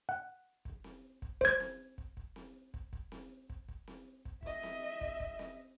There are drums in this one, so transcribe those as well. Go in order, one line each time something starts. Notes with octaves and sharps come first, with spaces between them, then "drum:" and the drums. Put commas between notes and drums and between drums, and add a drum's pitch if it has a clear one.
F#5
drum: kick
drum: snare C4
drum: kick
C5 G#6, drum: kick
drum: snare C4
drum: kick
drum: kick
drum: snare C4
drum: kick
drum: kick
drum: snare C4
drum: kick
drum: kick
drum: snare C4
drum: kick
D#5 E5, drum: kick
drum: snare C4
drum: kick
drum: kick
drum: snare C4